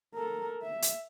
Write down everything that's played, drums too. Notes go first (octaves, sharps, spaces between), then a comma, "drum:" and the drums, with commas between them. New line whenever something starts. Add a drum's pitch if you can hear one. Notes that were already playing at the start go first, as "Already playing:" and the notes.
A4 A#4
E5
drum: hi-hat